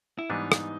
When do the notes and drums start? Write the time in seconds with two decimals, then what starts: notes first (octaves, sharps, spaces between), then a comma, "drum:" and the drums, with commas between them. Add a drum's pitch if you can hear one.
0.19 E4
0.30 G#2 E3 G3 B3 D4 D#4
0.52 drum: rim click